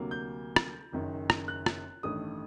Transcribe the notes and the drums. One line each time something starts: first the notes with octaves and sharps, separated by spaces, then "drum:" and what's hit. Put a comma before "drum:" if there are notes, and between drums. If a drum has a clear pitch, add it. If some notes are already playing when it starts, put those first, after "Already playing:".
Already playing: D2 C3 F#3 A#3
G6
drum: rim click
F#1 F#2 D#3
drum: rim click
F#6
drum: rim click
A1 G2 D#3 A3 D#6